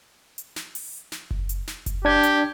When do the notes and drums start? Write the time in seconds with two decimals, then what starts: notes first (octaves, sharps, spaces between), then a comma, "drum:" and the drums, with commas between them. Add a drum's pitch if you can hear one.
0.38 drum: hi-hat
0.56 drum: snare
0.75 drum: open hi-hat
1.12 drum: snare
1.31 drum: kick F#1
1.49 drum: hi-hat
1.68 drum: snare
1.86 drum: kick F#1, hi-hat
2.05 D4 G4 G#6
2.23 drum: hi-hat